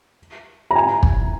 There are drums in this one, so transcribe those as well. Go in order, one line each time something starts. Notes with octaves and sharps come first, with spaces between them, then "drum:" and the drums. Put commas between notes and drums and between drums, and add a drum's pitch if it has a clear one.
A#5
G#5
drum: kick